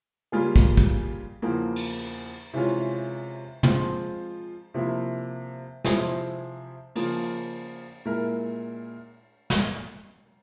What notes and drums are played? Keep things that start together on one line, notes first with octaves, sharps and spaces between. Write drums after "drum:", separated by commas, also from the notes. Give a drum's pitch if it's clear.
C#3 G3 A#3 F4 G#4
drum: kick
drum: kick
E2 C#3 F3 A#3
drum: cymbal
C3 E3 G#3 C#4 F4
F3 G#3 C4 F4, drum: tom
C3 F3 A#3 E4
C3 F3 C4 E4 G#4, drum: snare
C#3 F3 A#3, drum: cymbal
A#2 G#3 E4 A#4
drum: snare